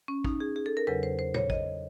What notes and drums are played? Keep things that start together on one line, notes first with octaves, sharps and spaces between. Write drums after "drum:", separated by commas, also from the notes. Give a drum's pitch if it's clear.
C#4
D#4, drum: kick
G#4
G#4
A4
A#4
E2 C#3 F#3 B4
C5
C5
C#5, drum: tom
D#5, drum: kick